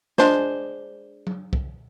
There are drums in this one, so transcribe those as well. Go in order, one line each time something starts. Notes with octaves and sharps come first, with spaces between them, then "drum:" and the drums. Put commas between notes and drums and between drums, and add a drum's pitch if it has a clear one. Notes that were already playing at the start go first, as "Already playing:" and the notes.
G#3 D4 G#4 C5, drum: snare
drum: tom F#3
drum: kick